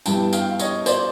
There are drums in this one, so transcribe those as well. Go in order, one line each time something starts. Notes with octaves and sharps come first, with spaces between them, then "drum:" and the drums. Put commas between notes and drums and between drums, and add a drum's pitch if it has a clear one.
G2 E3 G3 B3 G5 A5, drum: tambourine
F5 G5, drum: tambourine
C#5 D#5, drum: tambourine
C5 D5, drum: tambourine